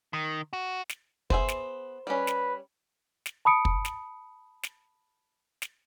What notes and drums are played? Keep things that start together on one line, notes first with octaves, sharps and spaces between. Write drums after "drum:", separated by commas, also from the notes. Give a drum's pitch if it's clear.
D#3
F#4
drum: snare
B3 G#4 C5 E5, drum: kick
drum: snare
G3 C#4 B4
drum: snare
drum: snare
A5 B5 D#6 C#7 D7
drum: kick
drum: snare
drum: snare
drum: snare